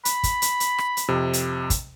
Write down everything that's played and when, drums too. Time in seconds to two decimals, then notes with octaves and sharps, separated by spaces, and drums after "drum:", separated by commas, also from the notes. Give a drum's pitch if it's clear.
0.05 B5, drum: hi-hat
0.23 drum: kick, hi-hat
0.42 drum: hi-hat
0.60 drum: hi-hat
0.78 drum: rim click
0.97 drum: hi-hat
1.08 F2 C3
1.33 drum: hi-hat
1.70 drum: kick, hi-hat